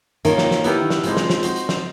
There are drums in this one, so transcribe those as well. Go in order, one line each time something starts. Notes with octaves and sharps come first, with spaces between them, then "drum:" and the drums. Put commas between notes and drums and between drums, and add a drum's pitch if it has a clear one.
D#3 A#3 C#4 F4, drum: hi-hat
drum: snare
drum: snare
B3 E4 G4 A#4, drum: hi-hat
drum: snare
A#2 F3 G#3 C4 D#4, drum: hi-hat
drum: snare
drum: snare
C4 D#4 F#4, drum: hi-hat
drum: hi-hat
drum: snare